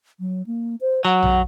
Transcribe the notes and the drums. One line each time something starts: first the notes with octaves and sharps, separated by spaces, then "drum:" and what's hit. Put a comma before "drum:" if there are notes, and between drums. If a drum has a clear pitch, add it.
F#3
A#3
C5
F#3 F#5
drum: tom A#1